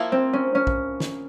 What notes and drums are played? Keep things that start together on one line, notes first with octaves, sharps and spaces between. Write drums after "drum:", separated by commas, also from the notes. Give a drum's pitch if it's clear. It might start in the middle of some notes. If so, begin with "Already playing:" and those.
Already playing: F3 A#3 E4
C4
C#4
C#4
drum: kick A#1
drum: snare